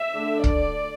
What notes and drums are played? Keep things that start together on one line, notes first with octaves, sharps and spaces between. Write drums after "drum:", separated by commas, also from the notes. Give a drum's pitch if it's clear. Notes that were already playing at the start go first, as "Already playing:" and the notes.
Already playing: E5
D3 A3 D4
D5, drum: kick